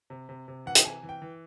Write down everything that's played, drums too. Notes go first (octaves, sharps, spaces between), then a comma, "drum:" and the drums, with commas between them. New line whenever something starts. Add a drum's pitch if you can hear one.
C3
C3
C3
E3 F#5
G5, drum: hi-hat
C3 G#5
E3
G5
E3